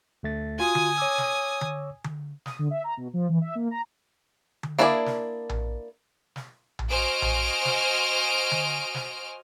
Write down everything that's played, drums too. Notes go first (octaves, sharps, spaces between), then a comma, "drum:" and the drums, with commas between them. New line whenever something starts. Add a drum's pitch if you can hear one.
D2 A3 A6
F4 F#4 G#5 D#6
drum: tom D3
C#5 D6 E6
drum: snare
drum: tom D3
drum: tom D3
D#6, drum: snare
D3
E5
A#5
B2
F3
E3
E5
A#3
A#5
drum: tom D3
A#3 D4 E4 G#4 D5
drum: snare
drum: tom A#1
drum: snare
drum: tom A#1
F#4 C5 D#5 G#5 F6 D7
drum: tom A#1
drum: snare
drum: tom D3
drum: snare